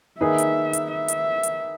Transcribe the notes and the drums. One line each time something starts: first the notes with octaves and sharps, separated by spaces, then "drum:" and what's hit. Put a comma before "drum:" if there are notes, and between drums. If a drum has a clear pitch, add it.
D#3 A#3 D#4 G#4 B4 E5
drum: hi-hat
drum: hi-hat
E5
drum: hi-hat
drum: hi-hat